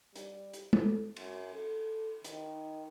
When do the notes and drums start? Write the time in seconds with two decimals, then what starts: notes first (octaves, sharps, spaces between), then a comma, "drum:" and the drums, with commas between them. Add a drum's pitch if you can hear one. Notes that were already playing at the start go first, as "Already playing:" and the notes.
0.16 G3, drum: hi-hat
0.53 drum: hi-hat
0.73 A4, drum: tom G#3
1.16 F#2, drum: cymbal
1.54 A4
2.24 D#3, drum: hi-hat